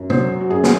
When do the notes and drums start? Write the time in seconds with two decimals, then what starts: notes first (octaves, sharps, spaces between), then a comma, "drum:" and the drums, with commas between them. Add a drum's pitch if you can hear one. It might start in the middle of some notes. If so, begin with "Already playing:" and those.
Already playing: F#2
0.10 F#3 C5, drum: tom
0.41 F#4
0.50 F#2 G#4
0.63 drum: snare